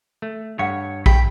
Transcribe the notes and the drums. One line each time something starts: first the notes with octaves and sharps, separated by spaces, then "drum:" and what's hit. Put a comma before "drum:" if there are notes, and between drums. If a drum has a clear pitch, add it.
A3
G2 C#5 F5 F#5
G4 G5 B5, drum: kick A#1